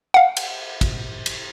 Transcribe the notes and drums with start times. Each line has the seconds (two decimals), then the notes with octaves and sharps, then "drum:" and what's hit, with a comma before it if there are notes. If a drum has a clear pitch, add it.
0.14 F5 F#5
0.37 drum: cymbal
0.81 drum: kick, cymbal
1.26 drum: cymbal